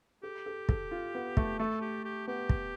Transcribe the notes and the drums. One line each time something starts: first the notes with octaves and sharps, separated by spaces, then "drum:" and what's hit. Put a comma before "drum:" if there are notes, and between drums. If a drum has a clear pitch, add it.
G4 A4
A4
A4, drum: kick
F4
B3
A3, drum: kick
A3 A4
G4
G4
B3 G4
drum: kick